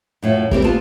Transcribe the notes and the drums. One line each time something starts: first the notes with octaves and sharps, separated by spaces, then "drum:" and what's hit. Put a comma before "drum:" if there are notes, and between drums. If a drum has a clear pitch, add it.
F#2 A2 F3
G3 C4 G4 A#4, drum: kick
B3 F4 A5